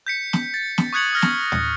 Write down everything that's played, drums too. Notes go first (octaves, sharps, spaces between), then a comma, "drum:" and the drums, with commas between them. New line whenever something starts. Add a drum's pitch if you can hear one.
G6 B6 C#7
drum: snare
A6
drum: snare
C#6 D#6 F#6 G#6 C#7 F#7
D#6 F6 A#6
drum: snare
drum: tom